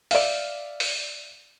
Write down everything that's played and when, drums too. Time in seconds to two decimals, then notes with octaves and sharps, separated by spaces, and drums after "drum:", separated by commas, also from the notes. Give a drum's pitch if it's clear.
0.11 D5 E5 F5, drum: open hi-hat
0.80 drum: open hi-hat